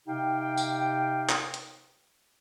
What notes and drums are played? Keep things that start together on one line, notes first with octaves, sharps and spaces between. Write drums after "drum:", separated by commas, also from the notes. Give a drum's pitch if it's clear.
C3 D#4 G4 F5 G5
drum: tambourine
drum: clap
drum: hi-hat